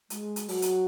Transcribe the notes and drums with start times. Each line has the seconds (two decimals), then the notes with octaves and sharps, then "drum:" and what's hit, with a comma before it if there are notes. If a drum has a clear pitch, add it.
0.10 G#3, drum: hi-hat
0.36 drum: hi-hat
0.48 F#3, drum: open hi-hat
0.62 drum: hi-hat